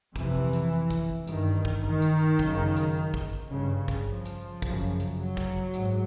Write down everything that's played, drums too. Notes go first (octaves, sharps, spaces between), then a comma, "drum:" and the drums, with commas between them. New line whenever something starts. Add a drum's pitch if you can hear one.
F2 C3 E3, drum: kick, hi-hat
drum: hi-hat
drum: kick, hi-hat
G2 D#3, drum: hi-hat
drum: kick
D#3
drum: hi-hat
F#2 C#3, drum: kick, hi-hat
drum: hi-hat
drum: kick
G2 C#3
drum: kick, hi-hat
F3
drum: hi-hat
F#2 C#3, drum: kick, hi-hat
drum: hi-hat
F#3
drum: kick, hi-hat
G#2, drum: hi-hat